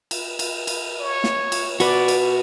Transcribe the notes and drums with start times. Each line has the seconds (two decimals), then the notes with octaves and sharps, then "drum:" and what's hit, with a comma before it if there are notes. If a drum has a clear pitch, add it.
0.11 drum: cymbal
0.39 drum: cymbal
0.67 drum: cymbal
1.00 C#5
1.24 drum: snare
1.52 drum: cymbal
1.80 F#4 B4 D5, drum: cymbal
2.08 drum: cymbal